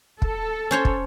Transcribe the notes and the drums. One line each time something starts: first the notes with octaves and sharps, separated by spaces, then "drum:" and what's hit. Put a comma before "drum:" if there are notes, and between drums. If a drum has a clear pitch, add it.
A4, drum: kick
C#4 C5 C#5
drum: kick